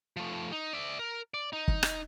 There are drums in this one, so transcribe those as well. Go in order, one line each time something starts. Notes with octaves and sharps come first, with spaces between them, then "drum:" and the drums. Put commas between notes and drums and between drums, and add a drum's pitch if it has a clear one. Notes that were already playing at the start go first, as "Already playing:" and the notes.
F3 A3
D#4
D5 E5
A#4
D5
D#4
drum: kick
drum: rim click